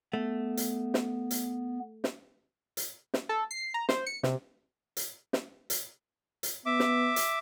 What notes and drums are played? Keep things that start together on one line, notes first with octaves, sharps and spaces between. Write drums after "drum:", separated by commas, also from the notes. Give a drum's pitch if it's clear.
A3 B3
drum: hi-hat
drum: snare
drum: hi-hat
drum: snare
drum: hi-hat
drum: snare
A4
C7
A#5
C5, drum: snare
C#7
C3, drum: snare
drum: hi-hat
drum: snare
drum: hi-hat
drum: hi-hat
B3 E5 D6
drum: snare
drum: hi-hat